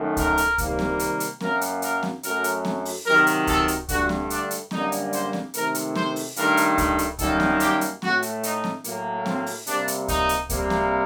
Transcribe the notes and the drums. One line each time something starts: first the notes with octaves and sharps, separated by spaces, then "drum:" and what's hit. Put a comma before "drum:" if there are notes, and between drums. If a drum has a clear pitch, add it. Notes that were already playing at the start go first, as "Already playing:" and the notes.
Already playing: F#2 D#3 A3
A#4, drum: kick C#2, hi-hat
drum: hi-hat
C3 D#3 G3 A#3, drum: kick C#2, hi-hat
drum: snare C4
drum: hi-hat
drum: hi-hat
F#2 F#3 A#3 A#4, drum: snare C4
drum: hi-hat
A#4, drum: hi-hat
drum: snare C4
F#2 F#3 A3 A#4, drum: hi-hat
drum: hi-hat
drum: snare C4
drum: open hi-hat
C3 D#3 F#3 A#4
drum: hi-hat
A4, drum: kick C#2, hi-hat
drum: hi-hat
G2 D3 A3 F#4, drum: kick C#2, hi-hat
drum: snare C4
D4, drum: hi-hat
drum: hi-hat
F#2 D3 G3 A#3 D#4, drum: snare C4
drum: hi-hat
C5, drum: hi-hat
drum: snare C4
C3 D#3 A3 A#4, drum: hi-hat
drum: hi-hat
C5, drum: snare C4
drum: open hi-hat
G2 D#3 A3 A#4, drum: hi-hat
drum: hi-hat
drum: kick C#2, hi-hat
drum: hi-hat
F#2 D#3 G3 A#3 A4, drum: kick C#2, hi-hat
drum: snare C4
G4, drum: hi-hat
drum: hi-hat
A2 A3 F#4, drum: snare C4
drum: hi-hat
D#4, drum: hi-hat
drum: snare C4
A2 F#3 A#3, drum: hi-hat
C4, drum: snare C4
drum: open hi-hat
C3 G3 A#3 D4, drum: hi-hat
drum: hi-hat
D#4, drum: kick C#2, hi-hat
drum: hi-hat
C3 G3 A#3, drum: kick C#2, hi-hat
drum: snare C4